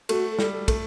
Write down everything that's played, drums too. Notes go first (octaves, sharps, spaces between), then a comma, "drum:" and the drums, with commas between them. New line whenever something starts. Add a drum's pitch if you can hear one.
A3 F#4, drum: cymbal
A4
G3, drum: snare
A4
A3, drum: kick, cymbal